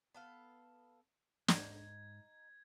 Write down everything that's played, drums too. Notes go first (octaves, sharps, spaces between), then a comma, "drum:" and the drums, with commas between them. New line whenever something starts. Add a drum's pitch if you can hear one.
B3 A4 F5
G#2 D#4 G#6, drum: snare